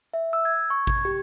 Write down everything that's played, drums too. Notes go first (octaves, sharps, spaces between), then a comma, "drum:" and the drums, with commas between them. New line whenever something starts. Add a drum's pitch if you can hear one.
E5
E6
G#6
C#6
G#6, drum: kick G#1
G4